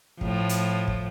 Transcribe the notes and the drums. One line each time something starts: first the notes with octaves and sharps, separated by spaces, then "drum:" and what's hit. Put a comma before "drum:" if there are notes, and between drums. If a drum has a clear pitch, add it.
A2 F3, drum: kick
drum: hi-hat
drum: kick